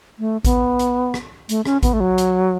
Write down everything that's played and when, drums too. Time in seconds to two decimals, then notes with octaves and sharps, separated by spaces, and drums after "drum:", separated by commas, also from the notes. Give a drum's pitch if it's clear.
0.19 A3
0.45 B3, drum: kick A1, hi-hat
0.79 drum: hi-hat
1.14 drum: rim click
1.49 A3, drum: hi-hat
1.65 C#4, drum: rim click
1.83 B3, drum: kick A1, hi-hat
1.93 A3
2.00 F#3
2.18 drum: hi-hat